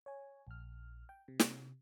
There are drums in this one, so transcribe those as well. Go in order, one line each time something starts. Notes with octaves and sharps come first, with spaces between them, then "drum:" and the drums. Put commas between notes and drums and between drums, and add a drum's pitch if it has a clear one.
C#5 G#5
A#1 F6
G5
C3
drum: snare